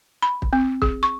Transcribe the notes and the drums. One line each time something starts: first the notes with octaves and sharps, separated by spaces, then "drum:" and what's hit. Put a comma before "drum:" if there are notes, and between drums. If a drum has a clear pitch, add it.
B5
drum: kick
C4
G#4, drum: kick
C#6